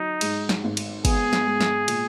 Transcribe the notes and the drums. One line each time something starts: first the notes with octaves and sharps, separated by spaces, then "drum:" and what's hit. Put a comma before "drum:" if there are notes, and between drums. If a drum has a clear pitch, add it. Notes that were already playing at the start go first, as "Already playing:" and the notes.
Already playing: F#3 D#4
G#2, drum: cymbal
drum: snare
G#1
drum: cymbal
B3 G#4, drum: kick, cymbal
drum: snare
G#3
drum: snare
A#2, drum: cymbal